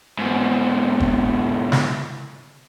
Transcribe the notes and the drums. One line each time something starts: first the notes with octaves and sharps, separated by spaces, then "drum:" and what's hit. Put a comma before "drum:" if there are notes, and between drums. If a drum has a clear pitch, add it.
G#2 B2
drum: kick F#1
drum: snare